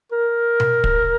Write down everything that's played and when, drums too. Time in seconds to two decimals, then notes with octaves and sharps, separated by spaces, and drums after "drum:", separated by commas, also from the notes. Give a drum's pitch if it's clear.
0.12 A#4
0.60 drum: tom B2
0.84 drum: kick